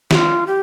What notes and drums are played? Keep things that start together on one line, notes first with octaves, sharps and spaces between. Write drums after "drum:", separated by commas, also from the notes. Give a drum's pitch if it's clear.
G4, drum: snare
F4
G4